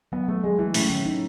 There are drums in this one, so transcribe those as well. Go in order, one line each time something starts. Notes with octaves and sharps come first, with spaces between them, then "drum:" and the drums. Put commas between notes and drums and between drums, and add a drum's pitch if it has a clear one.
F#3 B3
F#3 A3
F#3 G#3
E3 A3
A2 C#4, drum: open hi-hat
D#3
D#4